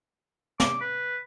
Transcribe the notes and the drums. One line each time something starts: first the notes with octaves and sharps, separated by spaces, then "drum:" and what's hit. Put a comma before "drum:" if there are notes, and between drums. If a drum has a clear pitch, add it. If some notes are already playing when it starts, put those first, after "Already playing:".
D6, drum: snare
B4